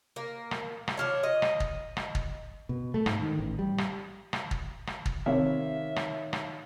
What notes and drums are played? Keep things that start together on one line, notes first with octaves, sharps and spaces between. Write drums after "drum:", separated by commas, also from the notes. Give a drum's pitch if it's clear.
A#3
drum: rim click
drum: rim click
D4 F4 C#5
D#5
drum: rim click
drum: kick
drum: rim click
drum: kick
B2
A3
G#2, drum: rim click
D#3
A1
G3
drum: rim click
drum: rim click
drum: kick
drum: rim click
drum: kick
C3 D#3 C#5 E5 F5
drum: rim click
drum: rim click